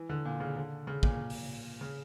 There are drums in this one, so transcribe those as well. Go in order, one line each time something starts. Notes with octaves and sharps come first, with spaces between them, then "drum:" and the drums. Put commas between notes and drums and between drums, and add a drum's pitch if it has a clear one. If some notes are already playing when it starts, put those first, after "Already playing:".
Already playing: E3
D3
A#2
C#3
D3
C#3
A#2, drum: kick
drum: open hi-hat
C#3